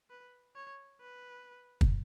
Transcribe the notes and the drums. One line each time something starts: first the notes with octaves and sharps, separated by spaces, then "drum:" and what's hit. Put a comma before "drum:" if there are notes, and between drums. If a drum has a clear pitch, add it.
B4
C#5
B4
drum: kick